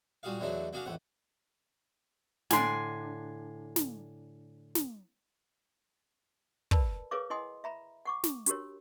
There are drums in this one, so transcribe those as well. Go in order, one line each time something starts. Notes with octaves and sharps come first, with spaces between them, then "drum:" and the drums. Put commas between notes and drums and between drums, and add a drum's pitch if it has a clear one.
A#2 G3 F#4 G#4 F5
E2 D3 F#3 A3 D4 D#4
A#3 D4 F#4 G#4 F5
A1 F2 A3 F#5
A2 D3 D4 G#5 C6, drum: snare
drum: snare
drum: snare
A#4 B4 D5 A5 B5, drum: kick
G#4 A#4 B4 C#5 F5 D6
E4 D#5 F#5 G#5 C6 D#6
E5 A#5 B5
F#5 C#6 D6
drum: snare
D4 F#4 G4 A#4 C#5, drum: hi-hat